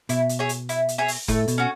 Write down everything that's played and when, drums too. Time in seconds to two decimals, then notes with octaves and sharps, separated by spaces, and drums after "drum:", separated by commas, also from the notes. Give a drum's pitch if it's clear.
0.09 B2 E4, drum: hi-hat
0.29 drum: hi-hat
0.39 G#4 C#5 E5
0.49 drum: hi-hat
0.69 E4, drum: hi-hat
0.89 drum: hi-hat
0.98 G#4 C#5 E5
1.08 drum: open hi-hat
1.28 A2 A3, drum: kick F#1, hi-hat
1.48 B2, drum: hi-hat
1.58 C#4 F#4